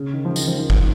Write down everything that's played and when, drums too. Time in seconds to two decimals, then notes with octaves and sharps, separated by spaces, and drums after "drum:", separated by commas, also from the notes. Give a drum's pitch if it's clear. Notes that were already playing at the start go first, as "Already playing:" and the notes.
Already playing: C#3
0.14 D#3
0.25 F3
0.36 D#3, drum: tambourine
0.48 F3
0.59 D#3
0.70 F3, drum: kick